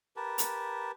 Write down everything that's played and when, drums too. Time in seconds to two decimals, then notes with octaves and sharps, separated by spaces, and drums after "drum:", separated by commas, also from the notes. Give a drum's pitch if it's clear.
0.16 G4 A#4 B4 A5
0.38 drum: hi-hat